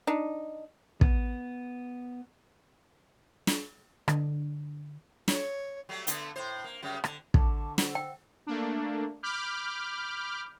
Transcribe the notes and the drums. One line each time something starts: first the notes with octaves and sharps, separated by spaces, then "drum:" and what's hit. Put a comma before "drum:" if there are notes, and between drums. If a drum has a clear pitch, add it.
D4 D#4
B3, drum: kick
drum: snare
D3, drum: rim click
C#5, drum: snare
F#3 G3 A3
D3 A3 B3, drum: hi-hat
A2 C5
A#3
F#2 C#3 G3
D3, drum: rim click
D3 A5 C#6 D6, drum: kick
C5 F#5 E6, drum: snare
G5
A3 A#3 D4
B5 D6 F6 G6